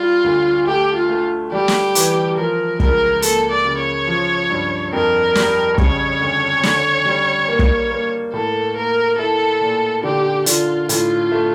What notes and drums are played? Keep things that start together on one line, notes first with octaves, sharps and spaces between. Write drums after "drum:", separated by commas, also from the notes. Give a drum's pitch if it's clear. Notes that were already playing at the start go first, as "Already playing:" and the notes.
Already playing: G3 F4
D2
A3 G4
F4
A3
G3 G4
drum: snare
E3, drum: hi-hat
F3 A#4
C#2 A#4, drum: kick
A#3 A4, drum: hi-hat
D5
C#3
C#5
F3
G2
F2 A#4
G3, drum: snare
C#3 C#5, drum: kick
D2
D3, drum: snare
G3
A#3
drum: kick
A#3
A2 A4
A#3 A#4
E4 A4
A#2
D3 G4
D3 F4, drum: hi-hat
A2 F4, drum: hi-hat
A3